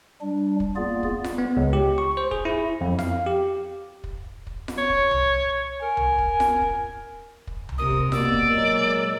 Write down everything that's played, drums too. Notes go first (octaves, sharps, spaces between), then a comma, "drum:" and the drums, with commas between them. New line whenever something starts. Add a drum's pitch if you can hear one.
G3 D4
drum: kick
A#3 B3 F4 G#4 D5
drum: kick
drum: snare F4
B3
C#2
G4
C#6
C5
G#4, drum: kick
E4
F2
F5, drum: snare F4
G4
drum: kick
drum: kick
drum: snare F4
C#5
drum: kick
drum: tom C2
A#4 G#5
drum: tom C2
drum: kick
drum: snare F4
drum: kick
drum: kick
drum: tom C2
C3 A#4 D#6
drum: kick
B2 A#3 D5 E6, drum: snare F4
drum: kick
A#2 F#3 G#3 A#4